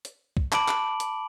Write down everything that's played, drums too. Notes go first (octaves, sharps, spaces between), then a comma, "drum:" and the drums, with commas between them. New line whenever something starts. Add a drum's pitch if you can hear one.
drum: hi-hat
drum: kick
A5 B5 D6 D7 F#7, drum: clap
drum: clap
drum: hi-hat